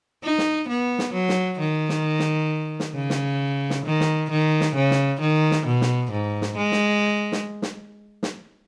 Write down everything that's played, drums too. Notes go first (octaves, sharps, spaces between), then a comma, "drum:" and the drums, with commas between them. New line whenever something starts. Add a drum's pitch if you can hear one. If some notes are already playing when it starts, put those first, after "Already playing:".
D#4
drum: snare
B3
drum: snare
F#3
drum: snare
D#3
drum: snare
drum: snare
drum: snare
C#3
drum: snare
drum: snare
D#3
drum: snare
D#3
drum: snare
C#3
drum: snare
D#3
drum: snare
B2
drum: snare
G#2
drum: snare
G#3
drum: snare
drum: snare
drum: snare
drum: snare